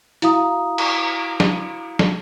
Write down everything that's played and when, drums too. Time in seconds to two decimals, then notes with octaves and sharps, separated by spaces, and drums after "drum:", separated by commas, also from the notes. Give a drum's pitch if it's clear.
0.22 E4 F#4 F5 A#5 D#6, drum: hi-hat
0.78 drum: cymbal
1.40 drum: snare
1.99 drum: snare